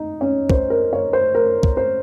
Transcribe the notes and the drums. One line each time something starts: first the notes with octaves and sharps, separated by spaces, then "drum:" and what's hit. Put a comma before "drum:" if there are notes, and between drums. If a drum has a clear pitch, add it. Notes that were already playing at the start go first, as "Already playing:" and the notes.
Already playing: D#4
C#4
C5, drum: kick
A#4
C#5
C5
A#4
drum: kick
C5